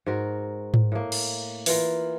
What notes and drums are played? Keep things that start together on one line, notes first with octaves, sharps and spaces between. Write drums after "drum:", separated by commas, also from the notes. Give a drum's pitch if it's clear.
G#2 F#4 A#4
drum: tom G#2
A2 A#3
drum: cymbal
E3 F4 A#4, drum: open hi-hat